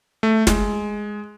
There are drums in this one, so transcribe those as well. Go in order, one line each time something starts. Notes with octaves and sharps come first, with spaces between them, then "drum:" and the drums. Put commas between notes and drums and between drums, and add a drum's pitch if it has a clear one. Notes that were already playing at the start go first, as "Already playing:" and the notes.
A3
G#3, drum: snare